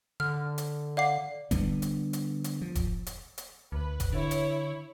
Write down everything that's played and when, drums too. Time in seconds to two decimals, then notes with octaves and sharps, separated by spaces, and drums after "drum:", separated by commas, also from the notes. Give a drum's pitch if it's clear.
0.20 D3 F6
0.58 drum: hi-hat
0.97 D5 F5 F#5 D6 C7
1.51 D3 G3 B3, drum: kick E1, hi-hat
1.82 drum: hi-hat
2.13 drum: hi-hat
2.44 drum: hi-hat
2.61 F3
2.75 drum: kick E1, hi-hat
3.06 drum: hi-hat
3.38 drum: hi-hat
3.72 D2 B4
4.00 drum: kick E1, hi-hat
4.13 D3 E4 C#5
4.31 drum: hi-hat